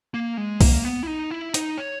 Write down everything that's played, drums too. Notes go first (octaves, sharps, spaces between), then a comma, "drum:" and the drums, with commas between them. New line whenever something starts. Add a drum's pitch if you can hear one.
A#3
G#3
A#3, drum: kick, open hi-hat
B3
E4
D#4
E4
D#4, drum: hi-hat
C#5